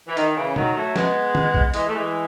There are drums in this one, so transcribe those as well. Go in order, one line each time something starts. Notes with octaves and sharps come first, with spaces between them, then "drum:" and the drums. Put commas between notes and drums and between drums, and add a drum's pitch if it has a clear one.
E3
D#3, drum: hi-hat
C#3 E3
D#3 F#3, drum: tom
F#3 A3
G#3 B3, drum: snare
drum: tom
drum: kick A#1
E3 G#3, drum: hi-hat
A3
E3 G#3